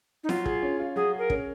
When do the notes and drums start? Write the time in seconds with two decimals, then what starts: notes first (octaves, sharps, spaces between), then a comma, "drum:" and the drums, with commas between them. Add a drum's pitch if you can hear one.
0.24 D#4
0.29 F#3 F4, drum: snare
0.45 G#4, drum: kick
0.63 C#4
0.80 F4
0.96 F#3 G#4
1.13 G#4
1.18 A#4
1.30 C#4, drum: kick